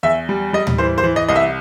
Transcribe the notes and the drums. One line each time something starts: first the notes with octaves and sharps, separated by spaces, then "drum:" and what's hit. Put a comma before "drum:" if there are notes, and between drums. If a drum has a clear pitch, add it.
E2 E5
G3
G3 D#5
drum: tom
E3 C5
C5
E3
D#5
C2 D#5
E5